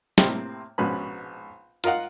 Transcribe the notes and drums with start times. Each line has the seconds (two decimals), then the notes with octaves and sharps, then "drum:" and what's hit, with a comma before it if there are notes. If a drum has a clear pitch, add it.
0.18 A2 C3 A#3 C4 E4, drum: snare
0.78 A#1 G#2 B2 C#4 B4 B5
1.84 F4 A#4 D#5 F5 F#5, drum: hi-hat